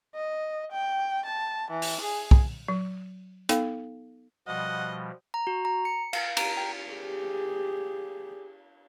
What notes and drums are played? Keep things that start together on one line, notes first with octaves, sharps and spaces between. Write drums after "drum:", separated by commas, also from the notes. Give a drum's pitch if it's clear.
D#5
G5
A5
E3
drum: open hi-hat
G#4
drum: kick
F#3
B3 D#4 A4 F5, drum: hi-hat
B2 F3 G3 D#5 F#5
A#5
F#4
A#5
C#7
F5, drum: cymbal
A#5, drum: cymbal
G5
G4 G#4